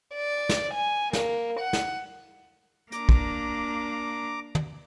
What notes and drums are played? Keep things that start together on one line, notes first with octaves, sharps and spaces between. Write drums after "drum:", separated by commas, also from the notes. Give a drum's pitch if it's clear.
D5
drum: snare
G#5
A#3, drum: snare
F#5
drum: snare
A#3 D4 A#5 D6, drum: hi-hat
drum: kick
drum: tom